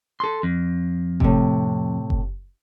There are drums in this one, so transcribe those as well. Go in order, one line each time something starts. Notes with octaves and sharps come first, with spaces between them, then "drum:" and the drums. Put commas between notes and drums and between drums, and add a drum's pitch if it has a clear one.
A4 C6
F2
A2 C3, drum: kick F#1
drum: kick F#1